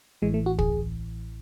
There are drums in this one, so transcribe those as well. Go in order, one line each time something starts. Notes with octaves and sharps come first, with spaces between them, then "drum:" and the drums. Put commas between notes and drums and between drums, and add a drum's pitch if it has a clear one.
A1 A2 E3 G#3
A3
F#4
G#4, drum: kick